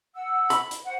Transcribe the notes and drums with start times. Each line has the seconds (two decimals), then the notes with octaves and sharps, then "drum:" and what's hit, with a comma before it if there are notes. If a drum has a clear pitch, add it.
0.14 F#5 E6
0.50 B5, drum: hi-hat
0.71 drum: hi-hat
0.85 C5 F#5